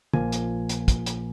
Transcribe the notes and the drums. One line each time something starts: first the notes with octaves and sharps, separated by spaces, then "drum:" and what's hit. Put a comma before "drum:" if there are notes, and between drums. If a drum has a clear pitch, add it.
A#1 A#2 F3 A#3 G#5, drum: tom
drum: hi-hat
drum: hi-hat
drum: kick, hi-hat
drum: hi-hat